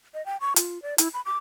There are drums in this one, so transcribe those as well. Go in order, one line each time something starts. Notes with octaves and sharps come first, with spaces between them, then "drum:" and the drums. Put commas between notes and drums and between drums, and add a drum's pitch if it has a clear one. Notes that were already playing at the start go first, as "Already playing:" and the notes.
D#5
G5
C#6
F4, drum: hi-hat
D5
E4, drum: hi-hat
B5
D6